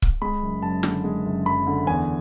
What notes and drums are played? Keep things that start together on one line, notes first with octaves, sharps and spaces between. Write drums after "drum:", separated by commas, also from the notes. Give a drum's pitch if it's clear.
drum: kick
G#3 B5
F#1
F#2 A5
D3, drum: snare
G#3
F#1
F#2 B5
D3
E2 G#5